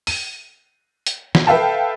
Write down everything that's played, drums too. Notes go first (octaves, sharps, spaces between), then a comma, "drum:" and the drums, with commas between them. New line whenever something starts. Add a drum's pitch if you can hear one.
D#7, drum: open hi-hat
drum: hi-hat
drum: snare
A4 B4 E5 F5 G5 A5